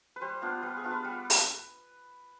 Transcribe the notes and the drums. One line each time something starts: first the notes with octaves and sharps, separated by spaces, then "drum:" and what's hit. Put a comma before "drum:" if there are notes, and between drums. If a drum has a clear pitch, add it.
B4
G3 C5
B3 D4 F4
G3 B4
G#4
B3 D4 F4
B4
G3
drum: open hi-hat